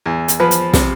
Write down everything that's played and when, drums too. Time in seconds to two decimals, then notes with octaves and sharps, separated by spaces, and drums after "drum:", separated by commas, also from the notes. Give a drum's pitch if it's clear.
0.06 E2
0.28 drum: hi-hat
0.40 F3 B4
0.51 drum: hi-hat
0.73 C3, drum: snare